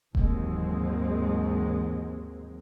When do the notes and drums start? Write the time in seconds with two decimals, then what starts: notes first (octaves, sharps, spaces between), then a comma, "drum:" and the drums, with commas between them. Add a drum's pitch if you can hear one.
0.15 D#2 G#2 E3 F#3 G#3 C4, drum: kick E1